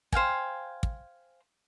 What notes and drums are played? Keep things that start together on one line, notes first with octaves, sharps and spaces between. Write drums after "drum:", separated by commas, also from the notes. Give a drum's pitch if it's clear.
C5 F5 G5 G#5, drum: kick
drum: kick